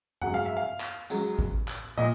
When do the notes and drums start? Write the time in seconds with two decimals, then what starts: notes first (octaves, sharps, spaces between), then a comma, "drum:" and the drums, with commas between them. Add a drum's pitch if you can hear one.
0.22 C#2 C#3 F#3 F#5, drum: tom G2
0.34 F5
0.46 E5
0.57 F5
0.80 drum: clap
1.10 C#2 C#3 F#3, drum: tambourine
1.39 drum: kick G#1
1.68 drum: clap
1.98 A#2 D#5, drum: tom